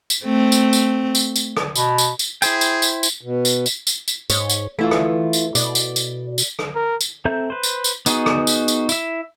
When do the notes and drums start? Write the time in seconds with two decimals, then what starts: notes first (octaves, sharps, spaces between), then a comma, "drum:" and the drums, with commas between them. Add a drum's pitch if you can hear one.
0.10 drum: tambourine
0.25 A3 C4
0.52 drum: tambourine
0.73 drum: tambourine
1.15 drum: tambourine
1.36 drum: tambourine
1.57 drum: rim click
1.75 B2, drum: tambourine
1.98 drum: tambourine
2.19 drum: tambourine
2.42 E4 G#4 C5 G5, drum: tambourine
2.61 drum: tambourine
2.82 drum: tambourine
3.03 drum: tambourine
3.21 B2
3.45 drum: tambourine
3.66 drum: tambourine
3.87 drum: tambourine
4.08 drum: tambourine
4.30 G#2 C#5, drum: tambourine
4.50 drum: tambourine
4.79 E3 A3 E4 F4
4.91 drum: rim click
5.33 drum: tambourine
5.55 B2 D5, drum: tambourine
5.75 drum: tambourine
5.96 drum: tambourine
6.38 drum: tambourine
6.59 drum: rim click
6.75 A#4
7.01 drum: tambourine
7.25 C4 A4 E5 A#5 G6
7.50 B4 C5
7.63 drum: tambourine
7.84 drum: tambourine
8.06 B3 D#4 F#4 G#4, drum: tambourine
8.26 drum: rim click
8.47 drum: tambourine
8.68 drum: tambourine
8.89 E4 E5, drum: tambourine